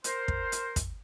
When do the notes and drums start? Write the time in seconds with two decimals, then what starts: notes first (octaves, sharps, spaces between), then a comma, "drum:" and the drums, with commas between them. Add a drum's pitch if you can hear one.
0.04 A#4 C5, drum: hi-hat
0.28 drum: kick
0.52 drum: hi-hat
0.76 drum: kick, hi-hat